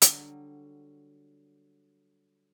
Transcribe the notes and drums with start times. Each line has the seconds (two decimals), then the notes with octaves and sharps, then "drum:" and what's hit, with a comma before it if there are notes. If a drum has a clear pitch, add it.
0.02 D3 F#3 G3, drum: hi-hat